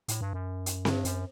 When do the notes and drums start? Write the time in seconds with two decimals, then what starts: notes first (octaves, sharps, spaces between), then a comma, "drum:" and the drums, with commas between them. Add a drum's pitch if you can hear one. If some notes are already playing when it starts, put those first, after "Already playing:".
0.08 A2, drum: hi-hat
0.21 G2
0.33 F#2
0.66 drum: hi-hat
0.85 G2, drum: snare C4
1.05 F#2, drum: hi-hat